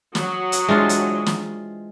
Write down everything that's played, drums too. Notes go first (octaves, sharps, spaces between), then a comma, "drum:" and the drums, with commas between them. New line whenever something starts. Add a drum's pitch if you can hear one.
F#3 D#6, drum: snare
drum: hi-hat
E3 G#3 C4 D4 F4
drum: hi-hat
drum: snare